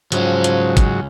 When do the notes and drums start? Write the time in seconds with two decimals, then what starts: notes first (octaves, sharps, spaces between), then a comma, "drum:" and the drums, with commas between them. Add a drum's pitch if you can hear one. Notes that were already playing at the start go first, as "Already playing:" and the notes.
0.12 C#2 G#2 F3 F#3 C#4, drum: hi-hat
0.44 drum: hi-hat
0.77 drum: kick, hi-hat